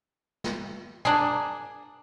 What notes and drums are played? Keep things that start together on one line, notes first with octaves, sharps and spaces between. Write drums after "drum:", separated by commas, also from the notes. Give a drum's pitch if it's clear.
drum: snare
A#3 D4 G#4, drum: tom